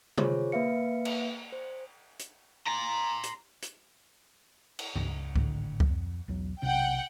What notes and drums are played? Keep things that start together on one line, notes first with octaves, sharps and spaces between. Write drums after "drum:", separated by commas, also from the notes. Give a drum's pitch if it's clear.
F4 G#4 C5 C#5, drum: tom C3
A#3 B4 E5 F5 C#7
drum: cymbal
C5
drum: hi-hat
A#5 C6
drum: hi-hat
drum: hi-hat
drum: cymbal
C#2, drum: tom G2
G#1 A2 D3, drum: kick C#2
drum: kick C#2
F2
B1 E2 F#3
B1 C3 C#4 F#5 G5